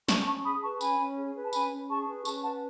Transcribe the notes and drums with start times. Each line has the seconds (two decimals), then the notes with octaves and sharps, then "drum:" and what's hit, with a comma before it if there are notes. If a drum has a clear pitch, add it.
0.08 C#4 A5 C#6, drum: snare
0.26 C#4 A5 C#6
0.45 G#4 B5 D#6
0.63 B4 A5 C#6
0.81 C#4 G#5 B5, drum: tambourine
0.99 C#4
1.18 G#4
1.35 B4
1.44 A5
1.53 C#4 G#5 B5, drum: tambourine
1.71 C#4
1.89 G#4 A5 C#6
2.08 B4
2.25 C#4 A5 C#6, drum: tambourine
2.43 B4 F#5 A5